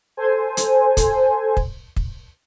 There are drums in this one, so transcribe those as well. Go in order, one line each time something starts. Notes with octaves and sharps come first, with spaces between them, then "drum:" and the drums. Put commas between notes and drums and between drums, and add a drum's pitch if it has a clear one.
A4 C5 G#5
drum: hi-hat
drum: kick, hi-hat
drum: kick
drum: kick